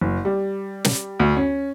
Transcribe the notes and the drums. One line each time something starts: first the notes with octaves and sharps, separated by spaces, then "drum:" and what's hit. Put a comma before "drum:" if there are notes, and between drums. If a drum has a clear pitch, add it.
F#1
G3
drum: snare
D2
C#4